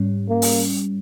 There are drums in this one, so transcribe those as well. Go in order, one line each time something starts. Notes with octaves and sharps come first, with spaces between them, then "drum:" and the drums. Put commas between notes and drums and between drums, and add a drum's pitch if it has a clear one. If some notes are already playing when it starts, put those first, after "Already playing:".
Already playing: G#2 G3 C#4
A#3
drum: open hi-hat